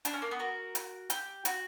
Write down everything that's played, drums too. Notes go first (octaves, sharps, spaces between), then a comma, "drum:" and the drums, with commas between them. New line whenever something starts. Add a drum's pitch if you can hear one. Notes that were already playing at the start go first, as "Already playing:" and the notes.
D4, drum: hi-hat
C#4
A#3
B3
F#4 A#4
drum: hi-hat
G4, drum: hi-hat
F#4, drum: hi-hat